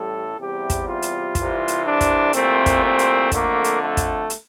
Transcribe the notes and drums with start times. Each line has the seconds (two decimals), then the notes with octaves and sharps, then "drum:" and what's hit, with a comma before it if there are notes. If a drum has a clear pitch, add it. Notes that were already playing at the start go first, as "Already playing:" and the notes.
Already playing: A1 A2 G3 A4
0.37 E2 C3 G3 G4
0.70 drum: kick, hi-hat
0.86 F4
1.02 drum: hi-hat
1.35 C2 C3 E3, drum: kick, hi-hat
1.68 drum: hi-hat
1.84 D4
2.01 drum: kick, hi-hat
2.33 C2 A#2 A3 C4, drum: hi-hat
2.66 drum: kick, hi-hat
2.82 C4
2.99 drum: hi-hat
3.32 F2 D3 A3 A#3, drum: kick, hi-hat
3.64 drum: hi-hat
3.81 A3
3.97 drum: kick, hi-hat
4.30 drum: hi-hat